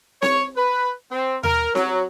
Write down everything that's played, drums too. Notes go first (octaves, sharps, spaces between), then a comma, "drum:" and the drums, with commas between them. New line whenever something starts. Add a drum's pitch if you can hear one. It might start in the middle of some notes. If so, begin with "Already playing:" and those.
C#5, drum: snare C4
B4
C4
A#4, drum: tom D#2
F#3, drum: snare C4